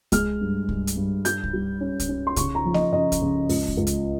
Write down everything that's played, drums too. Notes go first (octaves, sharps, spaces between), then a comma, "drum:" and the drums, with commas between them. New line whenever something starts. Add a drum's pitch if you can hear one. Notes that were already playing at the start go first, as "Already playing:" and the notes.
G#3 F6, drum: kick C2, hi-hat
G2
G2, drum: kick C2
drum: hi-hat
G2
G3 G6, drum: hi-hat
drum: kick C2
G3
C#4
drum: kick C2, hi-hat
C#4
C6
C#3 C#6, drum: kick C2, hi-hat
A#5
F3
D#5, drum: snare A#3
C#3 D#5
drum: kick C2, hi-hat
C#3
C#2, drum: open hi-hat
drum: kick C2
C#2
drum: hi-hat